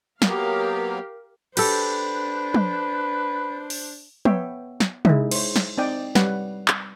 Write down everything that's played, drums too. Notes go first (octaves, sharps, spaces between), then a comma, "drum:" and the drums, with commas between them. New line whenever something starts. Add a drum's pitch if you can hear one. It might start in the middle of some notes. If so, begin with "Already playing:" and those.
F#3 A#3 B3 G4 A#4 F5, drum: snare
D4 G4 A4 B4 C5, drum: cymbal
drum: tom
drum: open hi-hat
B3 C#5 E5 G5, drum: tom
drum: snare
G#3 D#4 E4, drum: tom
C5 C#5, drum: cymbal
drum: snare
C4 D#4 D5 G5
G3 B4 C#5 F#5, drum: snare
drum: clap